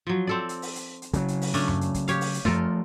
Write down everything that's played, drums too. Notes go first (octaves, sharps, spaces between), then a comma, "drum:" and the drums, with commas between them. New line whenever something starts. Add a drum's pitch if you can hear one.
F3 F#3
C4 A4 D5
drum: hi-hat
drum: open hi-hat
drum: hi-hat
drum: hi-hat
C#3 F#3, drum: kick, hi-hat
drum: hi-hat
drum: open hi-hat
A3 C#4 D4, drum: hi-hat
drum: tom F#2
drum: hi-hat
drum: kick, hi-hat
G4 C#5 F5, drum: hi-hat
drum: open hi-hat
drum: hi-hat
F3 A3 F4 A4 A#4, drum: tom F#2